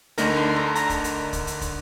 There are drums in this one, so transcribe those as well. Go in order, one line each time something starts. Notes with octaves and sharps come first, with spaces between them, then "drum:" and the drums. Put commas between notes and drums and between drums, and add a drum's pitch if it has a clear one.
D2 D3 A3 D#4 A#4 A#5, drum: hi-hat
C6
A#5
A#5, drum: hi-hat
drum: kick, hi-hat
drum: hi-hat
drum: kick, hi-hat
drum: hi-hat
drum: kick, hi-hat